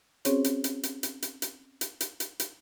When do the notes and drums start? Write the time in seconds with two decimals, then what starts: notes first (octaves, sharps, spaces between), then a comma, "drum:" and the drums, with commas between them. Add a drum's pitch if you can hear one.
0.25 C4 C#4 F#4 G#4 C5 C#5, drum: hi-hat
0.44 drum: hi-hat
0.64 drum: hi-hat
0.83 drum: hi-hat
1.03 drum: hi-hat
1.22 drum: hi-hat
1.42 drum: hi-hat
1.81 drum: hi-hat
2.01 drum: hi-hat
2.20 drum: hi-hat
2.40 drum: hi-hat